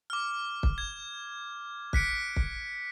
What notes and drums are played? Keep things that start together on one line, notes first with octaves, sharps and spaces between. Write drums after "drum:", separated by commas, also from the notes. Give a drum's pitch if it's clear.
D6 F6
drum: kick
G#6
F#6 B6 C#7 D7, drum: kick
drum: kick